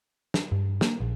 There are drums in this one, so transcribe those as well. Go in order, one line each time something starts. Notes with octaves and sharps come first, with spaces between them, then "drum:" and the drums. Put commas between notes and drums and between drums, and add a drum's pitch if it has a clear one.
drum: snare
G2
A#3, drum: snare
A#1